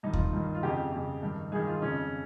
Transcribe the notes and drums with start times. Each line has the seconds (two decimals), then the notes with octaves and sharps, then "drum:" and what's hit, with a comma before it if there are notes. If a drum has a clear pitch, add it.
0.03 G2 D#3 D#4
0.13 F4, drum: kick D#2
0.33 G2 D#3
0.55 F4
0.63 F2 C#3 G4
0.92 F2 C#3
1.22 G2 D#3
1.52 G2 D#3 G#4
1.67 F4
1.82 F2 C#3 C#4